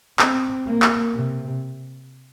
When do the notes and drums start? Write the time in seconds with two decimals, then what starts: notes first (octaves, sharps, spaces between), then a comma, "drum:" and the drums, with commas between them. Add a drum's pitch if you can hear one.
0.19 C4, drum: clap
0.67 A#3
0.82 drum: clap
1.14 C3